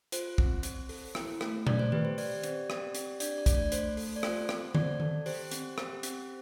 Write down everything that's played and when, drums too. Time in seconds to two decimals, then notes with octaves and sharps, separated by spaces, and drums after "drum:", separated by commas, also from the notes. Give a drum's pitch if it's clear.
0.12 F4 C5, drum: hi-hat
0.38 C4, drum: kick
0.63 C4, drum: hi-hat
0.89 A4, drum: open hi-hat
1.15 E4, drum: rim click
1.41 A3, drum: rim click
1.67 A3 D5, drum: tom A#2
1.79 C5
1.92 G4 B4, drum: tom D#3
2.05 C5
2.18 G4 D5, drum: open hi-hat
2.44 C4, drum: hi-hat
2.70 G4, drum: rim click
2.95 C4, drum: hi-hat
3.20 D4 D5, drum: hi-hat
3.38 D5
3.46 A3, drum: kick, hi-hat
3.55 D5
3.72 A3 C5, drum: hi-hat
3.97 A4, drum: open hi-hat
4.16 D5
4.23 F4 C5, drum: rim click
4.49 C4, drum: rim click
4.75 C4 D5, drum: tom D3
5.00 A4, drum: tom D#3
5.26 G4 C5, drum: open hi-hat
5.51 C4, drum: hi-hat
5.78 G4, drum: rim click
6.03 C4, drum: hi-hat